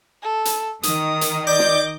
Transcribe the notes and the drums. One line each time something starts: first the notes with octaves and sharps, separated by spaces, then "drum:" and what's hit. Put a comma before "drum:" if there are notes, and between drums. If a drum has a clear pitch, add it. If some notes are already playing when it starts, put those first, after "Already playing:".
A4
drum: hi-hat
D#3 D#6, drum: hi-hat
drum: hi-hat
D5 D#5 D6 G6
drum: snare